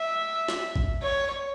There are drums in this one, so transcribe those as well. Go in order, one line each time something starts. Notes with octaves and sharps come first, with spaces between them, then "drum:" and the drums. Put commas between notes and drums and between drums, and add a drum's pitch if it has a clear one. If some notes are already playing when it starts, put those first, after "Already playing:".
Already playing: E5
drum: snare
drum: kick A1
C#5